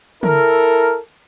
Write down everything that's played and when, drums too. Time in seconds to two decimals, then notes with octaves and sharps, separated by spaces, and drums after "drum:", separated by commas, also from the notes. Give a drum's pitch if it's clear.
0.23 E4 A4 A#4, drum: tom